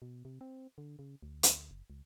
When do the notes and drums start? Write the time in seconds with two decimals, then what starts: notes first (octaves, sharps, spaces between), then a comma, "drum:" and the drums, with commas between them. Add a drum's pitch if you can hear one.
0.02 B2
0.25 C3
0.41 C4
0.78 D3
0.99 C#3
1.23 D2
1.43 drum: hi-hat
1.71 F#1
1.90 C#2